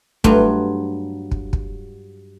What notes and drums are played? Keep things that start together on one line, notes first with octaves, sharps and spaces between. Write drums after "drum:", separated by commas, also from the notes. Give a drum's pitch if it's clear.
G2 F#3 A3 F4, drum: kick
drum: kick
drum: kick